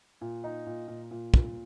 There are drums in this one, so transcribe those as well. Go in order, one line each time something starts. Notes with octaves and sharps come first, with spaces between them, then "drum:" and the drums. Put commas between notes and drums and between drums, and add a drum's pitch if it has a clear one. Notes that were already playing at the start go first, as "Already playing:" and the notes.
A#2
D#4
A#2
A#2
A#2
A#2, drum: kick